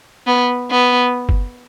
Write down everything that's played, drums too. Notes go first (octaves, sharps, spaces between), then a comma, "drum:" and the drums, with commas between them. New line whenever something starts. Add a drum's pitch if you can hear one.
B3
B3
drum: kick F#1